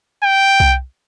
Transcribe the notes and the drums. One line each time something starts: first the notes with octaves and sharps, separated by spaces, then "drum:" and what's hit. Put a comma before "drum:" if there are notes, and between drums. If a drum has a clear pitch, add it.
G5
drum: kick C2